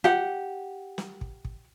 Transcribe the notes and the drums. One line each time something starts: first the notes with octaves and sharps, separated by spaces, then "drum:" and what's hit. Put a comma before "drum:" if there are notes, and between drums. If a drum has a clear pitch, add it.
G4 F#5, drum: snare
drum: snare
drum: kick
drum: kick